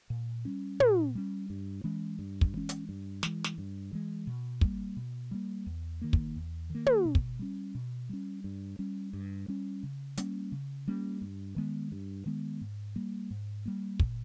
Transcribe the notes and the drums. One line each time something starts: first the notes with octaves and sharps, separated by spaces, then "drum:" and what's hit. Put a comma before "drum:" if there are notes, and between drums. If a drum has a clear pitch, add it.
A#2
G3 C#4
A#2, drum: tom
G3 C#4
G2
E3 G#3 C#4
G2
drum: kick
E3 G#3 C#4
drum: hi-hat
G2
E3 G#3, drum: snare
drum: snare
G2
E3 G#3
B2
G3 A#3, drum: kick
B2
G3 A#3
E2
D#3 A#3
drum: kick
E2
D#3 A#3
drum: tom
B2
drum: kick
G3 C#4
B2
G3 C#4
G2
G3 C#4
G2
G3 C#4
C#3
G3 A#3 C#4, drum: hi-hat
C#3
G3 A#3 C#4
G2
D#3 G#3 B3
G2
D#3 G#3 B3
G#2
G3 A#3
G#2
G3 A#3
A#2, drum: kick